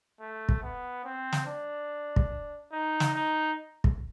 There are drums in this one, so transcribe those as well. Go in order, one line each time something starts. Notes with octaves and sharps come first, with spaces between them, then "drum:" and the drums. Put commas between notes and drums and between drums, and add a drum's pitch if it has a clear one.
A3
drum: kick
B3
C4
drum: snare
D4
drum: kick
D#4
drum: snare
D#4
drum: kick